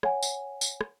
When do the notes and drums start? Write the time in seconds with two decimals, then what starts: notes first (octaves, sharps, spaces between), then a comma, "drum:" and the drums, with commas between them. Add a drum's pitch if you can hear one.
0.03 C#5 F#5 G#5, drum: rim click
0.23 drum: tambourine
0.61 drum: tambourine
0.81 drum: rim click